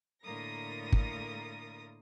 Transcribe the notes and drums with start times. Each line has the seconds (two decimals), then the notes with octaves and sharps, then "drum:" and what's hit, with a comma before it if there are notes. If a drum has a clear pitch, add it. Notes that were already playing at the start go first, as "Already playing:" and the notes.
0.22 A2 D3 A#3 A#4 D#6 A#6
0.92 drum: kick